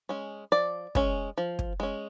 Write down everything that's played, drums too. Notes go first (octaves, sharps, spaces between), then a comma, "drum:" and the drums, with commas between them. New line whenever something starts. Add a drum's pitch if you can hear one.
G#3 C#4
F3 D5
G#3 C#4, drum: kick
F3
drum: kick
G#3 C#4